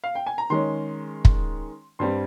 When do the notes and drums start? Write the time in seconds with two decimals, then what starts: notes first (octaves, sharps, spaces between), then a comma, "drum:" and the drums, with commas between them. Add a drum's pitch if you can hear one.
0.04 F5
0.15 G5
0.27 G#5
0.38 A#5
0.50 D#3 G#3 C#4 C6
1.25 drum: kick
1.99 G2 G3 C4 C6